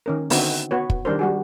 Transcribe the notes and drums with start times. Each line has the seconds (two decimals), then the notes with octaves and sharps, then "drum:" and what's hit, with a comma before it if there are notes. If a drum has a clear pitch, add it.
0.06 D#3 C#4 A#4
0.30 D3 B3 C4 D#4 F#4 B4, drum: open hi-hat
0.71 B3 F#4 B4 C#5
0.90 drum: kick
1.05 D#3 G3 D4 A#4 C5
1.19 G3 F#4 G#4